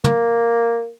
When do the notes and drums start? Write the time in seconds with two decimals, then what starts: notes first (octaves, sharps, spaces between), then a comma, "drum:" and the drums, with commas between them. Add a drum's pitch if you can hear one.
0.04 A#3, drum: tom